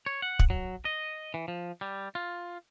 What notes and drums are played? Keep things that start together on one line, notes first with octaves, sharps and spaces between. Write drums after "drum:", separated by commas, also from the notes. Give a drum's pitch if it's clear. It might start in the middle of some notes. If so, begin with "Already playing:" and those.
C#5
F#5
drum: kick
F#3
D#5
E3
F3
G3
F4